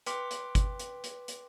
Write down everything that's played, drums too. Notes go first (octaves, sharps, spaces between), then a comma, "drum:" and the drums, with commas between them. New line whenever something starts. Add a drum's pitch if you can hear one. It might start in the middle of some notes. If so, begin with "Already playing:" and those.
B4 G5 C6 D6 F6 B6, drum: hi-hat
drum: hi-hat
drum: kick G1, hi-hat
drum: hi-hat
drum: hi-hat
drum: hi-hat